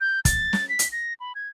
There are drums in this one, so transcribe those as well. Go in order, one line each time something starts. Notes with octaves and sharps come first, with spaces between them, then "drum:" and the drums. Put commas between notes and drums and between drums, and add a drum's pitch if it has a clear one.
G6
A6, drum: kick, hi-hat
drum: snare
B6
drum: hi-hat
A#6
B5
G#6